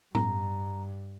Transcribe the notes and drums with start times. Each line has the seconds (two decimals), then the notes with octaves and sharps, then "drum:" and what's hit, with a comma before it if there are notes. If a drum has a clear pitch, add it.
0.15 G2 A#5, drum: tom A2